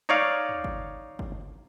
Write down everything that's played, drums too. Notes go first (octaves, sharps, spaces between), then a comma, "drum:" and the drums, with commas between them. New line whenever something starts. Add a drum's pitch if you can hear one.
D#4 C#5 D5 F5, drum: tom
drum: tom
drum: kick
drum: kick